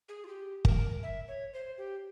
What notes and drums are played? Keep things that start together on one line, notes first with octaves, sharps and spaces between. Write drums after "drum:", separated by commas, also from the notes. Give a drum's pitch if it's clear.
G#4
F4
G4
A#4, drum: kick
E5
C#5
C5
G4